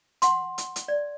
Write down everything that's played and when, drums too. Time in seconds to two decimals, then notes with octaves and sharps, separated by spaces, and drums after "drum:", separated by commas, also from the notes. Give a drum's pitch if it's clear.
0.22 F#5 C6, drum: hi-hat
0.58 drum: hi-hat
0.76 drum: hi-hat
0.88 D5